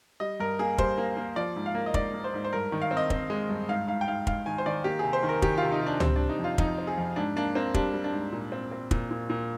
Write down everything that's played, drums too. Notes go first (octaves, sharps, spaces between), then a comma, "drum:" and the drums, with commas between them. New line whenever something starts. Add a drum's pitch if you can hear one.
G3 D#5
G2 A#4
A#3 G#4
G3 C5, drum: kick
A#3
A#3
F3 D5
G#2
F5
A#3
D#5
G#2 D5, drum: kick
A#3
C5
G#2
C5
G2 A#4
D#3
F5
C4
D#5
C4, drum: kick
G#3
G2
G#2 F5
G#2 F5
G5
G#2 F5
G#2 F5, drum: kick
D#3 G#5
C5
D#3 D5
A#3 G4
C3 G#4
C5
D#3
A#4
D#3 G4, drum: kick
C3 F4
D#4
C3
D4
G3 C4, drum: tom C#2
G3 D4
D#4
F2
F4
F2 D#4, drum: kick
C4
G#4
F2
G#2 D4
A#3 D4
A#3 C4
G3 D4, drum: kick
G3
D4
G#2
A#2
C4
C4
A#2, drum: kick
A#2
A#2